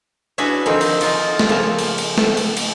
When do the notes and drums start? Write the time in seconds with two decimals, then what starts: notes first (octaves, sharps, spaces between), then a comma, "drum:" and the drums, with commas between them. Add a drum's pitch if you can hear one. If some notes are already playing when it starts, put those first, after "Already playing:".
0.38 C#4 D4 E4 F#4 G#4 B4
0.66 D3 D#3 F3 C4 D#4
0.81 drum: cymbal
1.01 D#4 F4, drum: cymbal
1.39 drum: snare
1.49 C#3 F3 A#3 A4
1.79 drum: cymbal
1.98 drum: cymbal
2.18 A4, drum: snare
2.37 drum: cymbal
2.57 drum: cymbal